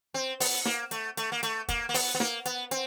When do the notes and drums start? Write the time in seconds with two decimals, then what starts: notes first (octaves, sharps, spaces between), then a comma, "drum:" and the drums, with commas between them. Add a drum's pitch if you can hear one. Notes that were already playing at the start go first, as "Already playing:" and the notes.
0.14 C4
0.40 B3, drum: open hi-hat
0.65 A#3, drum: snare
0.91 A3, drum: hi-hat
1.17 A3, drum: hi-hat
1.32 A#3
1.43 A3, drum: hi-hat
1.69 A#3, drum: kick, hi-hat
1.89 A#3
1.94 B3, drum: open hi-hat
2.15 B3
2.20 A#3, drum: snare
2.45 B3, drum: hi-hat
2.71 C4, drum: hi-hat